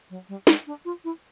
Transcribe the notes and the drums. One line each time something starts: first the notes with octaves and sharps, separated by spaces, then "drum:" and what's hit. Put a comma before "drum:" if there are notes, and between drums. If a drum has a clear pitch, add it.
F#3
G3
G#3, drum: snare
D4
F4
E4